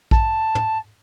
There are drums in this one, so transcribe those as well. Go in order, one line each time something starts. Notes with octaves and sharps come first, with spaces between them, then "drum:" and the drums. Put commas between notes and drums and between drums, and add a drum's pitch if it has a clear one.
A5, drum: kick A#1
drum: tom